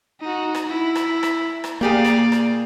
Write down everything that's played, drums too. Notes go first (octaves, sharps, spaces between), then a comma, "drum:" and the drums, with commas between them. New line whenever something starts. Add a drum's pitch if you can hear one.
D#4 F#4
drum: rim click
E4
drum: rim click
drum: rim click
drum: rim click
A#2 A#3 G4 G#4 D5 F5
drum: rim click
drum: rim click